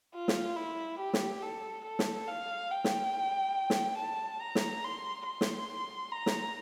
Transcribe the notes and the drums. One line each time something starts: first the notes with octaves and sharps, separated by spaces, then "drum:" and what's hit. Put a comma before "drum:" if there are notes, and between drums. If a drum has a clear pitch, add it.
F4
drum: snare
E4
G4
drum: snare
A4
A4
drum: snare
F5
G5
drum: snare
drum: snare
A5
A#5
drum: snare
C6
C6
drum: snare
A#5
drum: snare